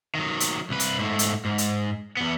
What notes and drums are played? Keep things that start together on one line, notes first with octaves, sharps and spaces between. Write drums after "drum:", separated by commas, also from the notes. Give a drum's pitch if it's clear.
D#3 F#3
drum: hi-hat
C2 B4
drum: hi-hat
G#2 A3
drum: hi-hat
G#2
drum: hi-hat
E2 B3